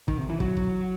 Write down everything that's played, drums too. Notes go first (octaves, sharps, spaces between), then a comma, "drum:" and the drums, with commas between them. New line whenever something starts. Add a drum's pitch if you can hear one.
D#3, drum: kick
C3
E3
F#3, drum: kick
drum: kick